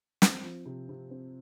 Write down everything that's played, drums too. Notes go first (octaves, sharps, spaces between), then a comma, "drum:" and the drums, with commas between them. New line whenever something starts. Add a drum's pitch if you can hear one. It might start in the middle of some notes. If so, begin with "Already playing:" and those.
C4, drum: snare
F3
C3
C3
C4